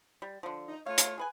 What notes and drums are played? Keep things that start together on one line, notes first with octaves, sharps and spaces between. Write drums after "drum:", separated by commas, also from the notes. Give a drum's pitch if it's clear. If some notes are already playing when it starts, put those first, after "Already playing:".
G3
D3 F3
D#4
A3 F4 C#5 F5
drum: hi-hat
G#4 B4 G#5